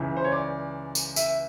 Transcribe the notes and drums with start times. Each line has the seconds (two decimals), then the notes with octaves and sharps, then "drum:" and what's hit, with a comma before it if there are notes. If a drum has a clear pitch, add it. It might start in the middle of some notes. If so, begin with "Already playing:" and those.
Already playing: C#2 C#3 E3
0.17 C5
0.24 C#5
0.32 D5
0.95 drum: tambourine
1.16 E5, drum: tambourine